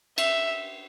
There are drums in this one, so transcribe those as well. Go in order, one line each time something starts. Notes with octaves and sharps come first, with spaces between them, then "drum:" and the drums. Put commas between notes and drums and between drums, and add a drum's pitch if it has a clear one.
E5, drum: cymbal